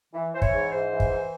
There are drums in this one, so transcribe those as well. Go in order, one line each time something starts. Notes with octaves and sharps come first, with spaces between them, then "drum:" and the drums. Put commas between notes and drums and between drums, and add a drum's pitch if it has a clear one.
E3
E3 C5
C#5, drum: kick
G#2
G#2 C5
E3
drum: kick
E3